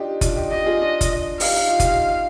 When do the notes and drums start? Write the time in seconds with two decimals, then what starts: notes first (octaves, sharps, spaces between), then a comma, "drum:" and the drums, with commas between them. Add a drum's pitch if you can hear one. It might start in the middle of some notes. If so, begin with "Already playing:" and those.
Already playing: D4 D#4 F4 G4
0.21 D4 F4, drum: kick F#1, hi-hat
0.36 D#4 G4
0.51 D#4 G4 D#5
0.66 F4 G#4
0.81 D4 F4
1.01 drum: kick F#1, hi-hat
1.40 D#4 G4 F5, drum: open hi-hat
1.55 D#4
1.68 F4
1.80 D#4 G4, drum: kick F#1, hi-hat